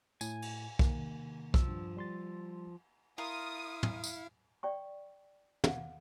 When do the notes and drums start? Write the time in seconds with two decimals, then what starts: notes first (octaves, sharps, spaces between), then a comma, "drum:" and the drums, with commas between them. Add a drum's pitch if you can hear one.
0.21 A2 G#5, drum: tambourine
0.42 drum: cymbal
0.79 C3 D#3 A#3, drum: kick B1
1.54 F3 E6, drum: kick B1
1.68 G2
1.97 G3 C6 A6
3.18 E4 F4 A#4 F5 D#6
3.83 drum: tom
4.04 drum: tambourine
4.63 D5 G5 C#6
5.64 F5 F#5, drum: tom